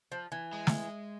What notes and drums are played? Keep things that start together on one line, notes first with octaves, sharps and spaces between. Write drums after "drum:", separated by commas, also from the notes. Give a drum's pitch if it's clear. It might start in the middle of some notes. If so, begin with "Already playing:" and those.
F3
E3
G#3
drum: snare